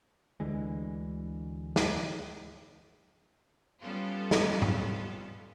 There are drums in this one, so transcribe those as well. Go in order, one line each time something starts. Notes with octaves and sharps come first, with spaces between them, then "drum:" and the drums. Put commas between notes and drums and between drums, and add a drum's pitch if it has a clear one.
D2 D3 E3 G#3
drum: snare
G3 B3 C#4 F4 A4
drum: snare
drum: tom G#2